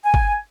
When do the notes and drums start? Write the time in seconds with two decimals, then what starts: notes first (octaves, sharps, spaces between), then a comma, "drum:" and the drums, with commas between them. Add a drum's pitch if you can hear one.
0.04 G#5
0.14 drum: kick G1